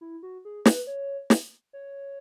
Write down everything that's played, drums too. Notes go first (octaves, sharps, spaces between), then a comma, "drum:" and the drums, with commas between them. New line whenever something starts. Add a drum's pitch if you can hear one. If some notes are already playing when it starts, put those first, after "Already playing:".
E4
F#4
G#4
B4, drum: snare
C#5
drum: snare
C#5